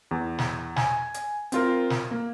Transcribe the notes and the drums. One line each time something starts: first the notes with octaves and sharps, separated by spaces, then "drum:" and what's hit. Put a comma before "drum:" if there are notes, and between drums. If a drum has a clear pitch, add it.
E2
drum: snare
G#5, drum: snare
drum: hi-hat
C4 F4 A#4, drum: hi-hat
drum: snare
A#3